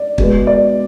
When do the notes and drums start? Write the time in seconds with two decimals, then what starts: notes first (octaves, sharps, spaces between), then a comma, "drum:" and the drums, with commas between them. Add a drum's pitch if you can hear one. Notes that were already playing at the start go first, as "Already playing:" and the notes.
Already playing: D5
0.18 B2 G#3 B3, drum: kick
0.47 D5